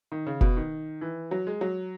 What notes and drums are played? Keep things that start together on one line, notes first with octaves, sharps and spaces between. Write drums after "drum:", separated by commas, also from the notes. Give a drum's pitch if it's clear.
D#3
C#3
B2, drum: kick F1
D#3
E3
F#3
G#3
F#3